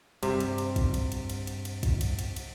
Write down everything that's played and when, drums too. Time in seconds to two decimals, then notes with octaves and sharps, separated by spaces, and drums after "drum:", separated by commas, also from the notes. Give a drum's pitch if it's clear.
0.23 G2 C3 G3, drum: cymbal
0.40 drum: cymbal
0.58 drum: cymbal
0.76 drum: kick A#1, cymbal
0.94 drum: cymbal
1.12 drum: cymbal
1.30 drum: cymbal
1.47 drum: cymbal
1.65 drum: cymbal
1.83 drum: kick A#1, cymbal
2.01 drum: cymbal
2.19 drum: cymbal
2.36 drum: cymbal